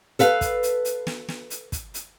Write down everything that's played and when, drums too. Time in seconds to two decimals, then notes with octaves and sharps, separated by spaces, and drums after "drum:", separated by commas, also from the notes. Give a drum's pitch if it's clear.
0.19 A4 B4 F5, drum: hi-hat
0.41 drum: kick, hi-hat
0.63 drum: hi-hat
0.85 drum: hi-hat
1.07 drum: snare
1.28 drum: snare
1.50 drum: hi-hat
1.72 drum: kick, hi-hat
1.94 drum: hi-hat